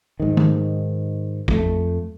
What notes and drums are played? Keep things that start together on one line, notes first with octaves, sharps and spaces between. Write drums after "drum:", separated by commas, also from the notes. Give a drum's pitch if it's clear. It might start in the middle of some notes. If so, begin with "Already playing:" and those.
G#2 D#3
drum: tom
F2 A3, drum: kick